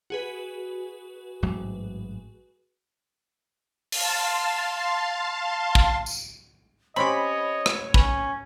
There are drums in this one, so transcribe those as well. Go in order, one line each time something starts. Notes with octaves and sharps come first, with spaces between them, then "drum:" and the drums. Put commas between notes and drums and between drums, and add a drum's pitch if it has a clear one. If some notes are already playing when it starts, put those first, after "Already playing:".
F#4 G#4 B4
A1 G#2 F#3
F5 A5 C6, drum: open hi-hat
drum: kick
drum: tambourine
C4 C#4 G4 C#5 D#5 B5
drum: rim click
C#4 B4, drum: kick